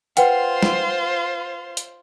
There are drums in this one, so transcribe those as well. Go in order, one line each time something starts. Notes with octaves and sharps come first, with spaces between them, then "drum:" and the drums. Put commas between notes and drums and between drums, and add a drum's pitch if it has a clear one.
F4 B4 C5 F#5 G5, drum: hi-hat
drum: snare
drum: hi-hat